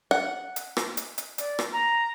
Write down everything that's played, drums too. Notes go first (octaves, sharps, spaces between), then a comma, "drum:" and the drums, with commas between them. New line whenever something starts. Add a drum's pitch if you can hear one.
F#5
drum: hi-hat
drum: rim click
drum: hi-hat
drum: hi-hat
D5, drum: hi-hat
drum: rim click
A#5